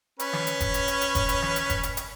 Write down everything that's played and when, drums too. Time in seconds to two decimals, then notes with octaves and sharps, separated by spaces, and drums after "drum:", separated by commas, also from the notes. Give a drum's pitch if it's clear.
0.19 C#4 B4, drum: hi-hat
0.33 drum: snare
0.47 drum: hi-hat
0.60 drum: kick F1, hi-hat
0.74 drum: hi-hat
0.88 drum: hi-hat
1.01 drum: hi-hat
1.15 drum: kick F1, hi-hat
1.29 drum: hi-hat
1.42 drum: snare
1.56 drum: hi-hat
1.70 drum: kick F1, hi-hat
1.83 drum: hi-hat
1.97 drum: hi-hat